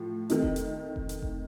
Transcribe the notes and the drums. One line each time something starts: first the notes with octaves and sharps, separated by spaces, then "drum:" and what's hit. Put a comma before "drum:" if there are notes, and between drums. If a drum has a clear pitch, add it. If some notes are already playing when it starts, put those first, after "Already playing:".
Already playing: A2 F3
D#3 A3 C4 D#4, drum: hi-hat
drum: kick F1
drum: hi-hat
drum: kick F1
drum: hi-hat
drum: kick F1